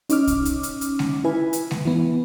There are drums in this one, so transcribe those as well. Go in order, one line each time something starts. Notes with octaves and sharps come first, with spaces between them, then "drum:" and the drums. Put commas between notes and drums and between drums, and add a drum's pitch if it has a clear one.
C#4 D#4 D6 F6, drum: hi-hat
drum: kick, hi-hat
drum: hi-hat
drum: hi-hat
drum: hi-hat
drum: snare G#3
E4 B4 G#5
drum: hi-hat
drum: snare G#3
E3 B3